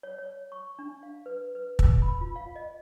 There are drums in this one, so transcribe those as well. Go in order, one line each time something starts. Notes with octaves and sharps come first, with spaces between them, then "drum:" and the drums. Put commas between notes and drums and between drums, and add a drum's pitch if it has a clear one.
C#5
C#5
C#6
D4
F5
B4
B4
E6, drum: kick
B5
F4
F5
D#5